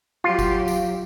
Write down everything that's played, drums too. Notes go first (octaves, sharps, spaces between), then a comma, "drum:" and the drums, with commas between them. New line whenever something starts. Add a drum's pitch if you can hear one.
F#3 F4 G4
drum: kick F#1, tambourine
drum: tambourine